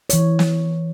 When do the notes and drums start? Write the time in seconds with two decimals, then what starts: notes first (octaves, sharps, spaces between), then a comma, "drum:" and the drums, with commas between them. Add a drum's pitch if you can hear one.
0.10 E3 C#5, drum: hi-hat
0.39 drum: snare